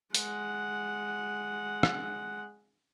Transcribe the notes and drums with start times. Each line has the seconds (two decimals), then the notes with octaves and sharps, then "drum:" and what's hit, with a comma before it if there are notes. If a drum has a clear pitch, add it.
0.15 G#3 F#5, drum: hi-hat
1.83 drum: rim click